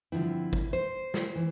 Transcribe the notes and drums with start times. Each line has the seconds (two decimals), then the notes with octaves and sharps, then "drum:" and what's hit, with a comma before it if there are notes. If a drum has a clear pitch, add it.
0.12 G2 D3 F3 C4 E4
0.53 drum: kick
0.73 C5
1.14 drum: snare F4
1.36 E3